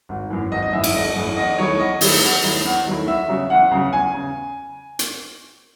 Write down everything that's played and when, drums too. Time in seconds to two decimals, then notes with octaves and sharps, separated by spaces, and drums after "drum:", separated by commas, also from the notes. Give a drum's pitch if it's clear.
0.09 G#1
0.30 F#2 E3
0.52 G#1 D#5
0.63 D#5
0.73 F#2 E3 E5
0.84 E5, drum: cymbal
0.94 G#1 D#5
1.16 F#2 E3
1.37 E2 D#5
1.58 D#3 F#3 A3 E4 C#5
1.79 E2 D#5
2.01 D#3 F#3 A3 E4, drum: open hi-hat
2.23 E2
2.43 D#3 F#3 A3 E4
2.65 E2
2.86 D#3 F#3 A3 E4
3.08 E2 E5
3.29 C#3 F#3
3.50 E2 F#5
3.71 C#3 F#3
3.93 E2 G#5
4.14 C#3
4.99 drum: hi-hat